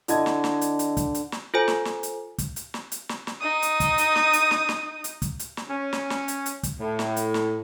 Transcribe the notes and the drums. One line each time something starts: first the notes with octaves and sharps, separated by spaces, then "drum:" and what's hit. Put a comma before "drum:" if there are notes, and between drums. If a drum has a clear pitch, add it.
D3 E4 D#5 G#6, drum: hi-hat
drum: snare
drum: snare
drum: hi-hat
drum: hi-hat
drum: kick, hi-hat
drum: hi-hat
drum: snare
F4 A4 C5 G#5
drum: snare
drum: snare
drum: hi-hat
drum: kick, hi-hat
drum: hi-hat
drum: snare
drum: hi-hat
drum: snare
drum: snare
D#4 D#6
drum: hi-hat
drum: kick, hi-hat
drum: hi-hat
drum: snare
drum: hi-hat
drum: snare
drum: snare
drum: hi-hat
drum: kick, hi-hat
drum: hi-hat
drum: snare
C#4
drum: snare
drum: snare
drum: hi-hat
drum: hi-hat
drum: kick, hi-hat
A2
drum: snare
drum: hi-hat
drum: snare